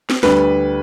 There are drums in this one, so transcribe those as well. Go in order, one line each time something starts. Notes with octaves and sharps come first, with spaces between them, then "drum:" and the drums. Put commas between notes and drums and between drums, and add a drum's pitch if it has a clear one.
drum: snare
D2 D3 G3 B4, drum: snare